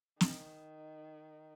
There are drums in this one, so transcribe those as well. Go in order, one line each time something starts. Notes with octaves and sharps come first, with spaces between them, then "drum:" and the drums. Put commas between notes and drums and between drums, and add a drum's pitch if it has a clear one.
D#3, drum: snare